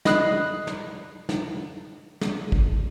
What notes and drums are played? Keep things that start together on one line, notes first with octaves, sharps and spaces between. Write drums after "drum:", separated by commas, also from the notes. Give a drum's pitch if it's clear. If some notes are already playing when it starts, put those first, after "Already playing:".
D#5 B5 D#6 F#6 C7 F#7, drum: snare
drum: snare
drum: snare
drum: snare
drum: kick